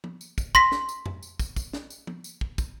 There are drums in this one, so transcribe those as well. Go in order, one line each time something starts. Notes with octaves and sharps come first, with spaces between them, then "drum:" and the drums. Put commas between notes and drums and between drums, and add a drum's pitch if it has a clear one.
drum: tom
drum: tambourine
drum: kick, tambourine
C6 A#6 B6, drum: kick
drum: snare
drum: tambourine
drum: tom
drum: tambourine
drum: kick, tambourine
drum: kick, tambourine
drum: snare
drum: tambourine
drum: tom
drum: tambourine
drum: kick
drum: kick, tambourine